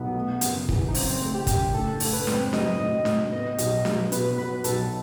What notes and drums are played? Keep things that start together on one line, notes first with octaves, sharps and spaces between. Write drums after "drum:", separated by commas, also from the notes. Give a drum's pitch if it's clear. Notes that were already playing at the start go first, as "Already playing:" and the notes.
Already playing: B1 B3
A3
F#1, drum: hi-hat
E3, drum: kick
D#4
F#2 C4, drum: open hi-hat
A3
G4
F#1, drum: kick, hi-hat
A2 A4
A2, drum: open hi-hat
B4
C4, drum: snare D4
F#3 D#5, drum: snare D4
A2
A2, drum: snare D4
B3 D#5
B1, drum: hi-hat
F#3, drum: snare D4
B2 B4, drum: hi-hat
B3 B4
B1 A4, drum: hi-hat